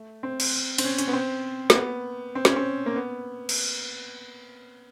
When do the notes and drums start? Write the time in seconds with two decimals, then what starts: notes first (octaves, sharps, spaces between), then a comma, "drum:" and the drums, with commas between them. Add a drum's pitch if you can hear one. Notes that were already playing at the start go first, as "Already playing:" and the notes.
Already playing: A3
0.23 C4
0.40 drum: cymbal
0.78 C4, drum: cymbal
0.84 C#4
0.98 C#4, drum: hi-hat
1.08 B3
1.13 C4
1.70 A#3, drum: snare
1.75 B3
2.35 C4
2.45 C#4, drum: snare
2.56 C4
2.86 A#3
2.96 B3
3.49 drum: cymbal